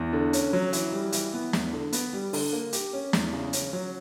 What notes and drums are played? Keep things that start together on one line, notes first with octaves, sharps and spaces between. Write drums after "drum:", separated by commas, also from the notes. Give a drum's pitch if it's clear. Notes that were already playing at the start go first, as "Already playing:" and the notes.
Already playing: E2
D3
C#4, drum: hi-hat
F#3
E3, drum: hi-hat
G3
E3, drum: hi-hat
B3
E2, drum: snare
D3
B3, drum: hi-hat
G3
D3, drum: open hi-hat
A#3
G4, drum: hi-hat
C#4
E2, drum: snare
C#3
C#4, drum: hi-hat
F#3